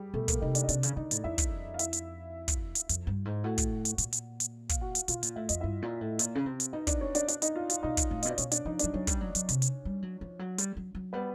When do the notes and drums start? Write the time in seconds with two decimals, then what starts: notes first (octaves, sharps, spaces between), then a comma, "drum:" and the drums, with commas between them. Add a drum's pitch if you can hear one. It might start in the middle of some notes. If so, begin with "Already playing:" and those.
Already playing: G3 G4 G#4
0.14 B2 A3 A4
0.28 A#3 A#4, drum: kick, hi-hat
0.41 C3 D#4 D#5
0.55 D4 D5, drum: hi-hat
0.63 D#5
0.69 C3 D4 D5, drum: hi-hat
0.83 C#3, drum: hi-hat
0.96 D3 D#4 D#5
1.11 A2, drum: hi-hat
1.24 F2 E4 E5
1.38 drum: kick, hi-hat
1.74 F5
1.79 E4 E5, drum: hi-hat
1.93 drum: hi-hat
2.48 drum: kick, hi-hat
2.75 drum: hi-hat
2.89 F2, drum: hi-hat
3.07 G2
3.25 G#2
3.44 A2 F#4 F#5
3.58 drum: kick, hi-hat
3.85 drum: hi-hat
3.98 A#2, drum: hi-hat
4.13 drum: hi-hat
4.40 drum: hi-hat
4.69 F5, drum: kick, hi-hat
4.81 F#4 F#5
4.95 drum: hi-hat
5.08 B2 F4 F5, drum: hi-hat
5.23 A#2, drum: hi-hat
5.36 A2 E5
5.49 F2 D#5, drum: hi-hat
5.60 G2 E4 E5
5.82 A#2
6.01 A2
6.19 A#2, drum: hi-hat
6.35 C#3
6.46 C3
6.60 drum: hi-hat
6.73 B2 D#4 D#5
6.87 D4 D5, drum: kick, hi-hat
7.01 C#4 C#5
7.15 D4 D5, drum: hi-hat
7.28 D4 D5, drum: hi-hat
7.42 D#4 D#5, drum: hi-hat
7.56 F4 F5
7.70 F4 F5, drum: hi-hat
7.83 B2 D#4 D#5
7.97 drum: kick, hi-hat
8.11 A2
8.23 B2 D#5, drum: hi-hat
8.30 D5
8.38 B2 C#4 C#5, drum: hi-hat
8.51 D4 D5, drum: hi-hat
8.65 F3 D#4 D#5
8.79 D4 D5, drum: hi-hat
8.84 F3
8.93 F#3 C#4 C#5
9.07 G3, drum: kick, hi-hat
9.21 F#3
9.35 F#3, drum: hi-hat
9.49 C3, drum: hi-hat
9.62 drum: hi-hat
9.85 G3
10.02 F#3
10.21 F3
10.39 F#3
10.58 G3, drum: hi-hat
10.77 F#3
10.95 F#3
11.13 G3 B3 B4